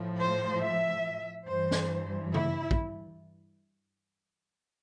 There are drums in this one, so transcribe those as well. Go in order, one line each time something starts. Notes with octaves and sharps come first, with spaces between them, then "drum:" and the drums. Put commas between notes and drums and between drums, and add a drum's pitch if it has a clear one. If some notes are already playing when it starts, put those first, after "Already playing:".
Already playing: A2 F3
C5
E5
G2 E3 C5
drum: snare
E4, drum: tom C#3
drum: kick